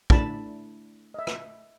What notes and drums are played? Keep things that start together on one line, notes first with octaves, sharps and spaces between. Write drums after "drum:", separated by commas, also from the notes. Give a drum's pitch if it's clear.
A3 D4 E4 A5 B5, drum: kick
D#5 E5
drum: rim click